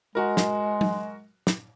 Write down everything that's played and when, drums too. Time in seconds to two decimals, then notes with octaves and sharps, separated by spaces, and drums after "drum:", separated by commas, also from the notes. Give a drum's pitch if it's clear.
0.15 G#3 F#4 A#4
0.37 drum: snare
0.81 drum: tom F#3
1.47 drum: snare